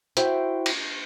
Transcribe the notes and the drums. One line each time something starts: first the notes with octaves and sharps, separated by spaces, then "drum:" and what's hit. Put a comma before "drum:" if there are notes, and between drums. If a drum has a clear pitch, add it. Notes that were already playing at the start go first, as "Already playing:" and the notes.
E4 F#4 C5 G5, drum: hi-hat
drum: cymbal